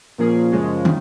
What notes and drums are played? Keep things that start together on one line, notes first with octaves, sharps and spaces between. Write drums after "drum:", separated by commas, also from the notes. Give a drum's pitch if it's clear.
A#2 F3 A#3 C#4 G#4
F#2 C#3 F3 G#3 C#4
D#3, drum: tom